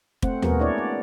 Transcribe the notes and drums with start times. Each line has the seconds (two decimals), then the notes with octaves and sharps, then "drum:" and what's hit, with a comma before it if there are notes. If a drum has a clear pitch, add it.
0.22 A3 C4 C5 F#5, drum: kick
0.42 G#3 A#3 B3 F#4 G#4 A#4, drum: tom D#2
0.60 D4 E4 C#5 D5
0.78 D5